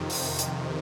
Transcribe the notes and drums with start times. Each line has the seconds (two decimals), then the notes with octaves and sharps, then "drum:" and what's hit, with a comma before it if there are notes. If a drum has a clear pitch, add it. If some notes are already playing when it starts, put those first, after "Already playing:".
Already playing: F2 C3 D#3
0.10 drum: open hi-hat
0.39 drum: hi-hat